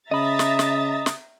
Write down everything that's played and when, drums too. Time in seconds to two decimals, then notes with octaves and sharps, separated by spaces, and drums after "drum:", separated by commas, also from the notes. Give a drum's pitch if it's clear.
0.11 C#3 D#5 E5 A#5 B5 D#6 A6
0.39 drum: snare
0.59 drum: snare
1.06 drum: snare